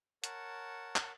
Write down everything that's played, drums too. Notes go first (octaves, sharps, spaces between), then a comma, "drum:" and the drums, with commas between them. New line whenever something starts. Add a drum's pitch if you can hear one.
A#4 C#5 F#5 A5, drum: hi-hat
drum: clap